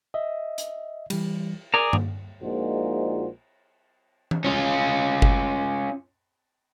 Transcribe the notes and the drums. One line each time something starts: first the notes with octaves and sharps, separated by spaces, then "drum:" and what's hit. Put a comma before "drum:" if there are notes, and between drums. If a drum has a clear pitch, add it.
D#5 E5
drum: hi-hat
E3 G3, drum: cymbal
G#4 A#4 D5 A#5
drum: tom G2
A#1 A#2 G#3 D#4 F#4 C5
drum: tom E3
C#4 F4
drum: kick G1